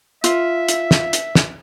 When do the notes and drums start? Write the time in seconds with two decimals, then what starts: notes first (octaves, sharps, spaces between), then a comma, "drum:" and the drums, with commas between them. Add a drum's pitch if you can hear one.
0.24 F4 E5, drum: hi-hat
0.69 drum: hi-hat
0.91 drum: snare
1.13 drum: hi-hat
1.35 drum: snare